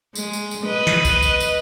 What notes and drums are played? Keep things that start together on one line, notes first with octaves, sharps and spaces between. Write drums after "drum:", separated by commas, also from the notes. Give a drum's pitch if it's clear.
G#3, drum: tambourine
drum: tambourine
drum: tambourine
B4 D#5
drum: snare
drum: kick C2, tambourine
drum: tambourine
drum: tambourine